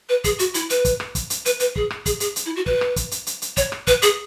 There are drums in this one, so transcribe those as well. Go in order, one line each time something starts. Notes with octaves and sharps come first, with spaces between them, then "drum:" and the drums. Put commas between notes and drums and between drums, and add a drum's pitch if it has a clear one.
B4
G#4, drum: kick, hi-hat
F#4, drum: hi-hat
E4, drum: hi-hat
B4, drum: hi-hat
drum: kick, hi-hat
drum: rim click
drum: kick, hi-hat
drum: hi-hat
B4, drum: hi-hat
B4, drum: hi-hat
G#4, drum: kick
drum: rim click
G#4, drum: kick, hi-hat
G#4, drum: hi-hat
drum: hi-hat
E4
F#4
B4, drum: kick
drum: rim click
drum: kick, hi-hat
drum: hi-hat
drum: hi-hat
drum: hi-hat
C#5, drum: kick, hi-hat
drum: rim click
B4, drum: kick, hi-hat
G#4, drum: hi-hat